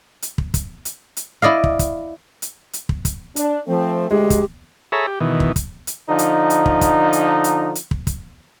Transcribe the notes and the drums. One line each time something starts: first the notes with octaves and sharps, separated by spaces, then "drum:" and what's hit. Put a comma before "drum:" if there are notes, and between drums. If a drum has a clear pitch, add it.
drum: hi-hat
drum: kick
drum: kick, hi-hat
drum: hi-hat
drum: hi-hat
E4 D5 D#5 F5
drum: kick
drum: kick, hi-hat
drum: hi-hat
drum: hi-hat
drum: kick
drum: kick, hi-hat
D4, drum: hi-hat
F3 A3 C4
D2 G#3 G4
drum: kick, hi-hat
G#4 A4 C#5 E5 A#5 B5
G4
B2 D#3 E3
drum: kick
drum: kick, hi-hat
drum: hi-hat
D3 F3 D#4
drum: hi-hat
drum: hi-hat
drum: kick
drum: kick, hi-hat
drum: hi-hat
drum: hi-hat
drum: hi-hat
drum: kick
drum: kick, hi-hat